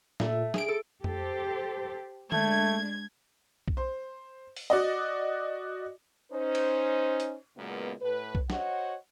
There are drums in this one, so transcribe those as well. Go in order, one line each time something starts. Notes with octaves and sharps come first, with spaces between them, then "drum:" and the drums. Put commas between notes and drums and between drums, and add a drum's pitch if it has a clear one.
A#2 A3 E5, drum: snare
G#4 D7, drum: snare
A4
G4 A4 C5, drum: tom F2
G#3 A3 D4 G#6, drum: tom D3
drum: kick B1
C5
drum: open hi-hat
F#4 D5 D#5
C#4 D#4 C5
drum: cymbal
drum: hi-hat
C#2 F#2 A#2 C#3 G#3 B3
A2 B4
drum: kick B1
F#4 C5 C#5 D#5 F#5, drum: snare